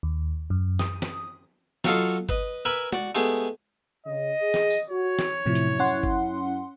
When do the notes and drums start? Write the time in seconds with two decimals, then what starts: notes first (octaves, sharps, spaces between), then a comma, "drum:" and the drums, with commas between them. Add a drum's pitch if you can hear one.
0.03 D#2
0.50 F#2
0.79 D#6, drum: snare
1.02 drum: snare
1.84 F#3 F4 F#4 A4 D#5 F5, drum: snare
2.29 B4 D#5, drum: kick G1
2.65 A#4 B4 E5 G#5 B5
2.93 F#4 D5, drum: tom
3.15 G#3 A3 B3 G4 G#4
4.06 C#3 D#5
4.41 G#4
4.54 drum: snare
4.70 drum: tambourine
4.90 F#4 C#5
5.19 drum: snare
5.46 F#2 A2 C3 F3 E4
5.55 drum: hi-hat
5.79 C#4 F#5 C6
6.03 drum: kick G1